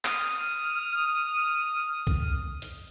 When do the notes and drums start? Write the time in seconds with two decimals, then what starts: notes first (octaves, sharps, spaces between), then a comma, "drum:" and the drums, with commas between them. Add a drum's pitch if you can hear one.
0.05 D#6 F6, drum: clap
2.07 drum: kick C2
2.62 drum: hi-hat